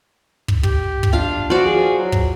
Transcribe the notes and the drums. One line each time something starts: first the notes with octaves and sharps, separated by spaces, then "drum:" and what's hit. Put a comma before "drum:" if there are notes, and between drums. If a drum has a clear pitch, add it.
drum: kick
G4, drum: kick
drum: kick
D4 F4 F5
F3 F4 F#4 C5 D5
G#4
F#3
drum: kick